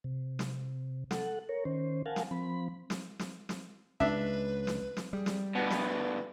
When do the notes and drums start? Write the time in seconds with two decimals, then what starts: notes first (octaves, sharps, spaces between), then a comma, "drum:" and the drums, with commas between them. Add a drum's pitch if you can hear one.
0.04 C3
0.39 drum: snare
1.11 A4 F#5, drum: snare
1.49 A#4 C#5
1.65 D#3 C#4 C5
2.06 A#4 F5 F#5 G#5 A5
2.16 drum: snare
2.31 F3 C4 B5
2.90 drum: snare
3.19 drum: snare
3.49 drum: snare
4.00 C#2 D4 B4 E5
4.67 drum: snare
4.97 drum: snare
5.13 G3 G#4
5.26 drum: snare
5.55 G2 B2 B4 F#5
5.70 drum: snare